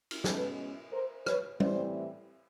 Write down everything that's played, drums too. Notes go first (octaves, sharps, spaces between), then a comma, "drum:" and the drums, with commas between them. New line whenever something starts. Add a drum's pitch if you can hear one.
drum: cymbal
B2 G#3 C#4 E4 A4 B4, drum: snare
A#4 C5
B4 C#5, drum: rim click
A2 E3 G3 C4 E4 C5 D5, drum: tom G3